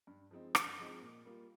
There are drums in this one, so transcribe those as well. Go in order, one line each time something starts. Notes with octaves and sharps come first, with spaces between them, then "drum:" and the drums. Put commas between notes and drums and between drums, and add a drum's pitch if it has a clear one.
G2
F3 G#3 C4 D#4
G2, drum: rim click
F3 G#3 C4 D#4
A#2
G3 A#3 F4